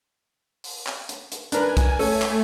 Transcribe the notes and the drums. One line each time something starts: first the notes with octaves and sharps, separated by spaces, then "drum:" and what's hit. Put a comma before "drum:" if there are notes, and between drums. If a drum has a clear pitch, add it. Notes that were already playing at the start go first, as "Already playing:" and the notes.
drum: open hi-hat
drum: clap
drum: hi-hat
drum: hi-hat
D4 A#4 B4 G#5, drum: hi-hat
drum: kick C2, hi-hat
A3 C#4 A4, drum: open hi-hat
drum: clap